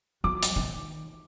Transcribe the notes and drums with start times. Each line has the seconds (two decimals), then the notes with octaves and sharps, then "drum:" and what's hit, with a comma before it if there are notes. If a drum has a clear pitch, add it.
0.24 F#3 D6
0.43 drum: hi-hat
0.56 D#3